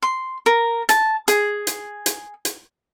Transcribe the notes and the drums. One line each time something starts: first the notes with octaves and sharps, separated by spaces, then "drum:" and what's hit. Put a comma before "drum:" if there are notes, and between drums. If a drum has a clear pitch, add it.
C6
A#4
A5, drum: hi-hat
G#4, drum: hi-hat
drum: hi-hat
drum: hi-hat
drum: hi-hat